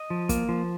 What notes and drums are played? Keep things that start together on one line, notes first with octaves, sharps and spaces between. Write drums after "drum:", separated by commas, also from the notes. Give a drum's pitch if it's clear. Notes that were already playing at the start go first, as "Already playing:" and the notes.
Already playing: D#5
F3
A#3, drum: kick, hi-hat
F3